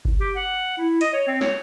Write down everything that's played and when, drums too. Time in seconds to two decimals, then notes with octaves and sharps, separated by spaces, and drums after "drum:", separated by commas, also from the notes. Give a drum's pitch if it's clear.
0.05 drum: kick G1
0.20 G4
0.36 F#5
0.78 E4
1.01 D#5, drum: hi-hat
1.13 C#5
1.27 C4
1.41 C#5, drum: snare